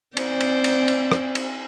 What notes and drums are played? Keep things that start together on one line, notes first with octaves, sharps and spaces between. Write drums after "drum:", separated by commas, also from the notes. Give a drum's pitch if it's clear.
C4 C5 D5, drum: cymbal
drum: cymbal
drum: cymbal
drum: cymbal
drum: rim click
drum: cymbal